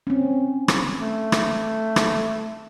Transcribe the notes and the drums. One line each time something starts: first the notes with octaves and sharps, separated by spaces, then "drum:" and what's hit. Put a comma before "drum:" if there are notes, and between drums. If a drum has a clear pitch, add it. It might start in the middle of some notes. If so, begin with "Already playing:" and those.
C4 C#4
drum: rim click
A3
drum: rim click
drum: rim click